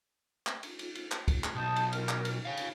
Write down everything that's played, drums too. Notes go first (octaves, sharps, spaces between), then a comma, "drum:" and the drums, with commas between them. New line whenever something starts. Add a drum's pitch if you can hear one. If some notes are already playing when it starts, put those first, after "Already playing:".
drum: clap
drum: cymbal
drum: cymbal
drum: cymbal
drum: clap
drum: kick, cymbal
drum: clap
B1 A5 D#6 G6
drum: cymbal
A#4 F6, drum: cymbal
drum: clap
drum: cymbal
C#5 F5 G5
drum: cymbal